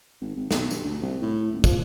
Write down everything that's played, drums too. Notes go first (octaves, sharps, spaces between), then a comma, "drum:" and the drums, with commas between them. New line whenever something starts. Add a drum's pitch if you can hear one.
G#1
G#1
B1, drum: snare
G2, drum: tambourine
D2
C2
A2
D#1
F3, drum: kick, tambourine